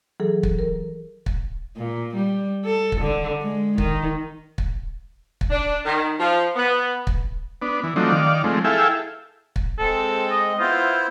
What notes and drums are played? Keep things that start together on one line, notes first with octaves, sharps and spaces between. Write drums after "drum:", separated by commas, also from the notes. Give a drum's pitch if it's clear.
E3 F#3 G#4 A4
drum: kick
A#4
drum: kick
A#2
G3
A4
drum: kick
D3
G#3
D#3, drum: kick
drum: kick
drum: kick
D4
D#3
F3
B3
drum: kick
B3 D4
E3
F3 F#3 A3 C4 D4 D#4
D#3 D5 F5
F3 G#3 A3 C4
E4 G#4 A4 E5 F5 G5
drum: kick
G#3 C4 A4
D#5
B3 E4 F4 C5